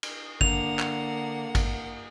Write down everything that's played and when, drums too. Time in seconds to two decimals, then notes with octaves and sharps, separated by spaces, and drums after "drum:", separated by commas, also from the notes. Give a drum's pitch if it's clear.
0.03 drum: cymbal
0.41 D3 A#3 F#5 F7, drum: kick
0.79 drum: clap
1.55 drum: kick, cymbal